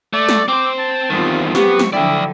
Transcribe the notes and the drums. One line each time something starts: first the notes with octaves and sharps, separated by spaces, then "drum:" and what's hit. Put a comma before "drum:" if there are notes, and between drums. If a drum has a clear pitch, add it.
A3 D5
drum: snare
C4 C5 D6
A5
E2 D#3 G3 C4 F4
F#3 B3 C4 G4 C#6, drum: snare
drum: snare
D3 F3 F#3 E4 D5 E5 G5